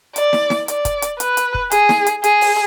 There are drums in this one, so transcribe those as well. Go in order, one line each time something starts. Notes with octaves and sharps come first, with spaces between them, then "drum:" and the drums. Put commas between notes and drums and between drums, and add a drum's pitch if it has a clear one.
D5, drum: hi-hat
drum: snare
drum: snare
D5, drum: hi-hat
drum: kick, hi-hat
drum: hi-hat
B4, drum: hi-hat
drum: hi-hat
drum: kick
G#4, drum: hi-hat
drum: snare
drum: hi-hat
G#4, drum: hi-hat
drum: open hi-hat